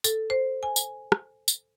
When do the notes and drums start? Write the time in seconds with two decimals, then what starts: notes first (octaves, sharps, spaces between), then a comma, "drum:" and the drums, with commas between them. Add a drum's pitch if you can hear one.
0.04 A4, drum: tambourine
0.30 C5
0.63 G#5
0.76 drum: tambourine
1.12 drum: rim click
1.48 drum: tambourine